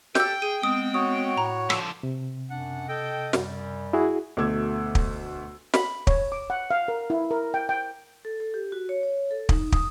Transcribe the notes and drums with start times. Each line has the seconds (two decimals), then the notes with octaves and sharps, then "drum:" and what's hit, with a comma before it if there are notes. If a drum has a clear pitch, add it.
0.15 G4 A4 G5 E6 G6, drum: snare
0.42 G#4 D#7
0.63 G#3 B3 C4 D#6
0.94 F#4 C#5 D#6
1.38 A2 A#5
1.70 D3 F3 E6, drum: rim click
2.03 C3
2.50 F#2 D4 F#5
2.89 A4 D#5 G5
3.33 F#2 G3, drum: snare
3.93 E4 F#4 G#4
4.37 D2 B2 A3 D6 E6 G#6
4.95 drum: kick
5.74 B5, drum: snare
6.07 C#5, drum: kick
6.32 D6
6.50 F#5
6.71 F5
6.88 A#4
7.10 E4
7.31 A#4
7.54 G5
7.69 G5
8.25 A4
8.40 A4
8.54 G4
8.72 F#4
8.89 C#5
9.03 C#5
9.31 A4
9.49 D#4, drum: kick
9.72 D#6, drum: kick